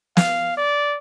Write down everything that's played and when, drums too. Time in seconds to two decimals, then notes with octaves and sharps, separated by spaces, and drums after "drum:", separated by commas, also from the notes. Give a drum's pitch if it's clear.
0.17 F5, drum: snare
0.57 D5